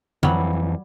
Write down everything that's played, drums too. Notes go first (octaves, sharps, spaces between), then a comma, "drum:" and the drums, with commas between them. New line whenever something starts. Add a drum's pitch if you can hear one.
F2 E3 F#3 G3, drum: tom